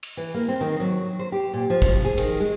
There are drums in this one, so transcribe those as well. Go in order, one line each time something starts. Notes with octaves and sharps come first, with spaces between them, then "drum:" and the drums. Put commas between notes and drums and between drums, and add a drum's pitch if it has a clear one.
drum: cymbal
E3
A#3
C4
D#3
F#3
C5
G4
A#2
F3
drum: kick
G#4
D#3, drum: cymbal
G#3